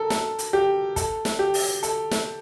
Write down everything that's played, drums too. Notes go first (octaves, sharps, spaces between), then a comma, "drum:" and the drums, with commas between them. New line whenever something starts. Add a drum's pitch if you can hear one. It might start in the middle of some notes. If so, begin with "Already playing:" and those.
Already playing: A4 A#4
A4, drum: snare
drum: hi-hat
G4
A4, drum: kick, hi-hat
drum: snare
G4
drum: open hi-hat
A4, drum: hi-hat
drum: snare